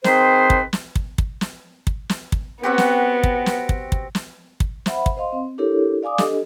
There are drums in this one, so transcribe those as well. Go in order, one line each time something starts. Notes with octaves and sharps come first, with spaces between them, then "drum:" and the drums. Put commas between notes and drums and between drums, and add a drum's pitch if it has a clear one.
D#3 C4 G#4 B4 C5, drum: snare
drum: kick
drum: snare
drum: kick
drum: kick
drum: snare
drum: kick
drum: snare
drum: kick
B3 C4 F#4 G4
drum: snare
drum: kick
drum: snare
drum: kick
drum: kick
drum: snare
drum: kick
C5 E5 F#5 B5, drum: snare
drum: kick
C5 D#5 F5 C6
C4
D4 E4 G4 A4 A#4 C#5
D5 F5 G#5 D6 D#6
D4 G4 A4 D#5, drum: snare